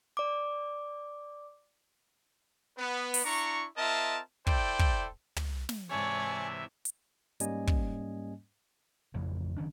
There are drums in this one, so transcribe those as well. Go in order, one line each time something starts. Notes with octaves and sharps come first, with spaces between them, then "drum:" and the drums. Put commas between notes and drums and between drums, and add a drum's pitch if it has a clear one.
D5 D6
B3 B4
drum: open hi-hat
D4 E4 A#5 C#6
C4 F4 A#4 D#5 E5 A5
E4 A4 C5 D5 G5, drum: kick
drum: kick
drum: tom
drum: snare
G#2 C3 E3 C#5 D5 E5 G#5 A5
drum: hi-hat
G#2 G3 A#3 C#4 D#5 G#5, drum: hi-hat
drum: kick
A1 F2 C#3 E3
F#1 D#3 C#4 D4